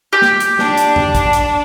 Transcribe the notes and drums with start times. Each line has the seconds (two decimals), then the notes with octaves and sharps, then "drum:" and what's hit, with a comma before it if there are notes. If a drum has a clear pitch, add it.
0.13 G4
0.22 drum: snare
0.40 drum: hi-hat
0.59 D4, drum: snare
0.78 drum: hi-hat
0.96 drum: tom E2
1.15 drum: kick, hi-hat
1.33 drum: hi-hat